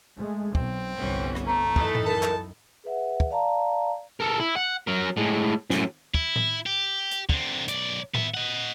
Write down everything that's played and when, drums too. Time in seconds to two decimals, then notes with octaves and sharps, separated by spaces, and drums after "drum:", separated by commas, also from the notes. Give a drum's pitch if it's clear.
0.19 G#3 A3
0.55 B1 C4, drum: kick
0.96 G1 C2 E3 B3 C#4
1.35 drum: rim click
1.47 A3 A#5
1.76 F#2 E3 D#4 A4, drum: kick
1.95 drum: tom A2
2.06 A#4 A5
2.23 drum: clap
2.84 G#4 B4 E5 F#5
3.20 drum: kick
3.31 D5 F5 A5 A#5
4.20 A4 A#4
4.40 E4
4.56 F#5
4.87 F#3 A#4
5.17 A2 G#3
5.70 F#2 A2, drum: snare
6.14 E4, drum: kick
6.36 drum: tom A2
6.66 G4
7.11 drum: hi-hat
7.29 D3 C4, drum: kick
7.68 B1 D5, drum: hi-hat
8.14 B3 E5, drum: tom A2
8.34 D#5 F#5